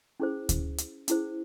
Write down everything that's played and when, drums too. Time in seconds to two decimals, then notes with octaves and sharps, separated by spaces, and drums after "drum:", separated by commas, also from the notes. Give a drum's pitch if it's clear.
0.20 C#4 E4 G#4 C5
0.49 drum: kick D2, hi-hat
0.78 drum: hi-hat
1.08 C#4 E4 G#4 C5, drum: hi-hat